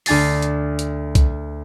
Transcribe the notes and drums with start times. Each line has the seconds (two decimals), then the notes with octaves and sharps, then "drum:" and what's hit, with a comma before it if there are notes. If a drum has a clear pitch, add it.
0.06 D2 D4 G#5 A6 C7, drum: open hi-hat
0.42 drum: hi-hat
0.79 drum: hi-hat
1.15 drum: kick C2, hi-hat